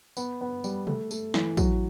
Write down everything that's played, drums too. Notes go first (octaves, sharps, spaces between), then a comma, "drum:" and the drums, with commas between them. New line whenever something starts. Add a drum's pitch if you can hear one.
B3, drum: tambourine
B3
G3, drum: tambourine
A3, drum: tom B2
A3, drum: tambourine
E3, drum: snare
F#3, drum: kick, tambourine